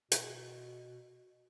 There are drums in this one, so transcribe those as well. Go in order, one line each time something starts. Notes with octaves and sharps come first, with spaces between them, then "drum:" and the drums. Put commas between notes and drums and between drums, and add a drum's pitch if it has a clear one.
B2, drum: hi-hat